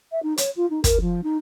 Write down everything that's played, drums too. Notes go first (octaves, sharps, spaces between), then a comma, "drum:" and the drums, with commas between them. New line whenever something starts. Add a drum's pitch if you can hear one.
E5
D#4
C#5, drum: hi-hat
F4
D#4
A#4, drum: kick, hi-hat
F3
D#4